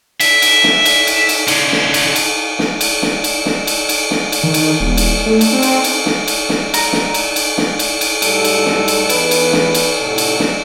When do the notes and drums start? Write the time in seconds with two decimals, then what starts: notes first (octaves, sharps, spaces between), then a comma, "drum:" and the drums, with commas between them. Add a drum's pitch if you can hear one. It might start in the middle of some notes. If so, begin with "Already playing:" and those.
0.20 E5, drum: cymbal
0.42 drum: cymbal
0.64 drum: snare
0.85 drum: cymbal
1.07 drum: cymbal
1.29 drum: cymbal
1.48 D3 C#4, drum: cymbal
1.72 drum: snare
1.94 drum: cymbal
2.16 drum: cymbal
2.59 drum: snare
2.81 drum: cymbal
3.02 drum: snare
3.24 drum: cymbal
3.46 drum: snare
3.67 drum: cymbal
3.89 drum: cymbal
4.11 drum: snare
4.32 drum: cymbal
4.43 D#3
4.54 drum: cymbal
4.80 E1
4.97 drum: cymbal
5.26 A3
5.41 drum: cymbal
5.53 C4
5.63 drum: cymbal
5.84 drum: cymbal
6.06 drum: snare
6.28 drum: cymbal
6.49 drum: snare
6.74 A#5, drum: cymbal
6.93 drum: snare
7.14 drum: cymbal
7.36 drum: cymbal
7.58 drum: snare
7.79 drum: cymbal
8.01 drum: cymbal
8.22 G#2 G3 A3 G4 A4, drum: cymbal
8.44 drum: cymbal
8.66 drum: snare
8.88 drum: cymbal
9.09 E2 B4, drum: cymbal
9.31 drum: cymbal
9.53 drum: snare
9.75 drum: cymbal
10.00 A2 C3 F#3 A4
10.18 drum: cymbal
10.40 drum: snare